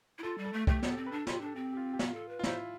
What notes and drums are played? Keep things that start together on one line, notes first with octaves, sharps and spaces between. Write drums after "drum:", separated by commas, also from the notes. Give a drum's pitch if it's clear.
E4
F4 A4
G3
A4
A3
A3 G4, drum: kick
B3, drum: snare
A4
C4
B4
D4 A4
F4, drum: snare
G4
D4 A4
C4 G4
G4
F4
G4
B3 F4, drum: snare
A4
B4
F4
E4 C5, drum: snare